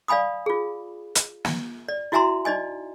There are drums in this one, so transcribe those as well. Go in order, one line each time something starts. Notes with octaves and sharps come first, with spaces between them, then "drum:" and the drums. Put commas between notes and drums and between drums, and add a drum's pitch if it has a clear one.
D5 F5 G#5 B5 D#6
F4 G#4
drum: hi-hat
drum: snare
D5
E4 F#4 E5 G#5 A#5 C6
D#4 D5 D#5 G#5